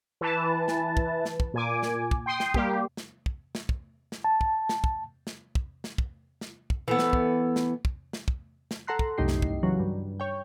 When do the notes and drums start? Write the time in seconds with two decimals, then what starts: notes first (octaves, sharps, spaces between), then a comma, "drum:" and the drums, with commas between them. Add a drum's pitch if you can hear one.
0.21 E3 B4 A5
0.68 drum: snare
0.97 drum: kick
1.25 drum: snare
1.40 drum: kick
1.54 A#2 G#5 D6
1.83 drum: snare
2.11 drum: kick
2.26 G5 C6 D#6 C7
2.40 drum: snare
2.54 G3 A#3 G4, drum: kick
2.97 drum: snare
3.26 drum: kick
3.55 drum: snare
3.69 drum: kick
4.12 drum: snare
4.24 A5
4.41 drum: kick
4.69 drum: snare
4.84 drum: kick
5.27 drum: snare
5.55 drum: kick
5.84 drum: snare
5.98 drum: kick
6.41 drum: snare
6.70 drum: kick
6.88 E3 A3 B3
6.99 drum: snare
7.13 drum: kick
7.56 drum: snare
7.85 drum: kick
8.13 drum: snare
8.28 drum: kick
8.71 drum: snare
8.87 A4 F#5 A#5 C6 F#6
8.99 drum: kick
9.18 C2 F#2 A2 D#4 G4 C7
9.28 drum: snare
9.42 drum: kick
9.63 C#3 E3 F#3
9.79 G2
10.20 C#5 G5